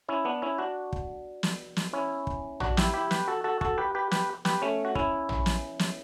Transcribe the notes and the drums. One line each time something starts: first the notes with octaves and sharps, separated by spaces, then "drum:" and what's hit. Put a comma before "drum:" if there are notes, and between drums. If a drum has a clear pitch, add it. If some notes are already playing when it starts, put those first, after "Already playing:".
C#4 E4
B3 D4
C#4 E4
D4 F#4
drum: kick
drum: snare
drum: snare
C#4 E4
drum: kick
D4 F#4, drum: tom
E4 G4, drum: snare
E4 G4
G4 B4, drum: snare
F#4 A4
F#4 A4
F#4 A4, drum: kick
G4 B4
G4 B4
G4 B4, drum: snare
G4 B4, drum: snare
A3 C#4
F#4
C#4 E4, drum: kick
drum: tom
drum: snare
drum: snare